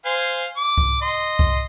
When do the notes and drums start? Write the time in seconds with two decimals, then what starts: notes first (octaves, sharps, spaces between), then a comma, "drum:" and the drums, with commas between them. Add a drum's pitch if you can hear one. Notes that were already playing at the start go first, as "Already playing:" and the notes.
0.05 C5 F5 G#5
0.57 D6
0.78 drum: kick C2
1.02 D#5 C6
1.39 drum: kick C2